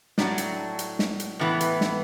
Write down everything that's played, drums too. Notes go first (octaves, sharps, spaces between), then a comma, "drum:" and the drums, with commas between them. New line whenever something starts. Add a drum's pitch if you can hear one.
A2 F#3 D4 F#4, drum: snare
drum: hi-hat
drum: hi-hat
drum: snare
drum: hi-hat
A2 E3 B3
drum: hi-hat
drum: snare